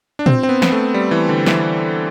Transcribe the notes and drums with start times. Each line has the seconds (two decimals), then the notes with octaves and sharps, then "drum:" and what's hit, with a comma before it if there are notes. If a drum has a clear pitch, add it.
0.19 D4
0.26 C4, drum: tom A#2
0.43 C4
0.49 B3
0.62 B3, drum: snare
0.72 A3
0.94 G3
1.11 E3
1.29 D3
1.46 E3, drum: snare